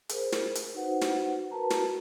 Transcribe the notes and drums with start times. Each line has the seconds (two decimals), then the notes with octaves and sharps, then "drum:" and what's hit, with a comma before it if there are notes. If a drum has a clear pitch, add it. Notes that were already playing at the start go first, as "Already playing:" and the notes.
0.09 G#4 A#4 C5, drum: hi-hat
0.32 drum: snare
0.55 drum: hi-hat
0.74 D#4 F#4 B4 C5 F#5
1.01 drum: snare
1.51 F#4 A#4 B4 A5 A#5
1.70 drum: snare